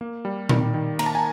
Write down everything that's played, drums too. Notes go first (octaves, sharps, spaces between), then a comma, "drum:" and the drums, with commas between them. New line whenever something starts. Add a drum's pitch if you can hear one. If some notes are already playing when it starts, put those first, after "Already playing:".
A#3
G3
D#3, drum: tom A#2
D#3
A#3 A#5, drum: cymbal
A5
G#5